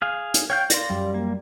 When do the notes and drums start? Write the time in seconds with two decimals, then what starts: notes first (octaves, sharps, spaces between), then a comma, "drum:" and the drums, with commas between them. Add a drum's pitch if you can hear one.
0.02 G#4 F5
0.34 drum: hi-hat
0.50 C#5 F5 G5 G6
0.70 D5 F5 C6 A#6, drum: hi-hat
0.90 F#2 G3
1.14 A#3